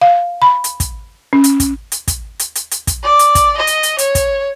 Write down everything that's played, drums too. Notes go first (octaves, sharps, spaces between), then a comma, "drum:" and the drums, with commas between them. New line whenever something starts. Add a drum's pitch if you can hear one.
F5
B5
drum: hi-hat
drum: kick, hi-hat
C#4
drum: hi-hat
drum: kick, hi-hat
drum: hi-hat
drum: kick, hi-hat
drum: hi-hat
drum: hi-hat
drum: hi-hat
drum: kick, hi-hat
D5
drum: hi-hat
drum: kick, hi-hat
D#5
drum: hi-hat
drum: hi-hat
C#5, drum: hi-hat
drum: kick, hi-hat